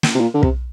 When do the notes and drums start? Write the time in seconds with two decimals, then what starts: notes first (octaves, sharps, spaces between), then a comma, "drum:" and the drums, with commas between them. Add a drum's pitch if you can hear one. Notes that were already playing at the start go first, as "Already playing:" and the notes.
0.03 drum: snare
0.15 C3
0.21 A#2
0.34 D3
0.43 C3, drum: kick